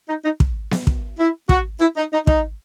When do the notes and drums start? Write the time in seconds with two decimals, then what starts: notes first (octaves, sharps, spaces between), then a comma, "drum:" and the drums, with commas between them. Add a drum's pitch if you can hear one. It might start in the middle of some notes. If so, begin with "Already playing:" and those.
0.09 D#4
0.24 D#4
0.40 drum: kick
0.71 drum: snare B3
0.87 drum: kick
1.18 E4
1.49 F#4, drum: kick
1.80 E4
1.97 D#4
2.12 D#4
2.27 D#4, drum: kick